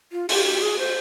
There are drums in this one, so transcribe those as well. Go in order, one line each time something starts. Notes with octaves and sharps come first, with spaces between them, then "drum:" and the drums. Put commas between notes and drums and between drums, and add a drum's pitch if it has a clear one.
F4
G4, drum: open hi-hat
G4
G#4
C5